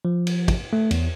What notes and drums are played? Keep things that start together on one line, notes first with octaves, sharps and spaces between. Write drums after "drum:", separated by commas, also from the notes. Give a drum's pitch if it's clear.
F3
drum: cymbal
drum: kick, cymbal
A3
E2, drum: cymbal